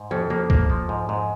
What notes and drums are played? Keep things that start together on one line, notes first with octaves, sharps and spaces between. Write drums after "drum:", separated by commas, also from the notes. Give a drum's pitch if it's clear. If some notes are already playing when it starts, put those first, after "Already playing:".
Already playing: G#2
F2 C#4
F2 A#3
A#3, drum: kick C2
F3
G#2
G#2